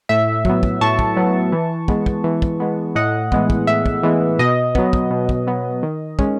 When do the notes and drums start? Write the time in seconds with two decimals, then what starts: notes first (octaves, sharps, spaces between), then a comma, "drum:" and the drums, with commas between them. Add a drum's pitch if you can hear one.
0.09 A2 E5
0.45 F#3 B3, drum: kick
0.63 drum: kick
0.81 A2 A5 C#6
0.99 drum: kick
1.17 F#3 B3
1.52 E3
1.88 G#3 B3, drum: kick
2.06 drum: kick
2.24 E3
2.42 drum: kick
2.60 G#3 B3
2.95 A2 D#5 F#5
3.32 E3 G#3 B3, drum: kick
3.50 drum: kick
3.67 A2 E5
3.86 drum: kick
4.03 E3 G#3 B3
4.39 B2 D#5
4.75 F#3 B3, drum: kick
4.93 drum: kick
5.11 B2
5.29 drum: kick
5.47 F#3 B3
5.83 D#3
6.19 G#3 C#4, drum: kick